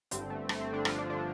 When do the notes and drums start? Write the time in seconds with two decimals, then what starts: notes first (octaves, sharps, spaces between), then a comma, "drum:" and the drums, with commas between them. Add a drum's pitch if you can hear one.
0.11 G1 G2 D3 C4, drum: hi-hat
0.30 A3
0.49 A3, drum: rim click
0.61 C4
0.73 D3 D4
0.85 F3 F4, drum: rim click
0.98 D3 D4
1.10 D3 D4